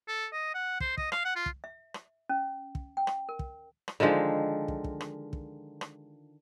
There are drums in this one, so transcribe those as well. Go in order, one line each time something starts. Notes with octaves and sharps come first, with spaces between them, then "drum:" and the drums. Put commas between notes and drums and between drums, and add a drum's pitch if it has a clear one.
A4
D#5
F#5
C5, drum: kick
D#5, drum: kick
F5, drum: rim click
F#5
F4
drum: kick
E5
drum: rim click
C#4
drum: kick
G5
drum: rim click
A#4
drum: kick
drum: rim click
D3 D#3 F3 G#3
drum: kick
drum: kick
drum: rim click
drum: kick
drum: rim click